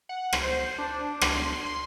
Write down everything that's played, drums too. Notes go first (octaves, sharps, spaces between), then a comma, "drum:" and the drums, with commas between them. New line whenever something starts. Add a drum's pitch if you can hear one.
F#5
drum: rim click
C5
D4
drum: rim click
C6
C6